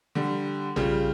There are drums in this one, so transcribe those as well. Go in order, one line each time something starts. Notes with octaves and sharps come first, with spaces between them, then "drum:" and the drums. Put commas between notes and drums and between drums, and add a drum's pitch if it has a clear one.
D3 G3
C#3 G3 F4, drum: tom A#1